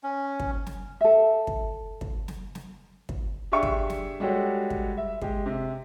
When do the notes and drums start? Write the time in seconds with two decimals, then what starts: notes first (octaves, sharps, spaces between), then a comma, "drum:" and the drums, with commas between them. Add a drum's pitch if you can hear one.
0.03 C#4
0.40 drum: kick
0.66 drum: snare
1.01 A4 E5
1.47 drum: kick
2.01 drum: kick
2.28 drum: snare
2.55 drum: snare
3.09 drum: kick
3.52 D4 G4 G#4 E5 F5 C#6
3.63 drum: kick
3.90 drum: snare
4.20 G3 G#3 F#4 G4 A4 C#5
4.70 drum: kick
4.97 E5
5.22 G#3 G4, drum: kick
5.46 C3